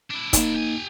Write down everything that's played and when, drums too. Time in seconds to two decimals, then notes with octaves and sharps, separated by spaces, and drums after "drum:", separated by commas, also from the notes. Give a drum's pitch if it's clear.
0.10 D4 E4
0.33 A#3 D#4, drum: kick, hi-hat
0.55 G4 G#5